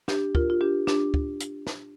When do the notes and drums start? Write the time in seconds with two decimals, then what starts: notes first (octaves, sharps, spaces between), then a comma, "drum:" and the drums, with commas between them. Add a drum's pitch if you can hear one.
0.08 D4 G4, drum: snare
0.35 F4 A#4, drum: kick
0.50 F4
0.61 D4 G4
0.87 D4 G4, drum: snare
1.14 drum: kick
1.40 drum: hi-hat
1.67 drum: snare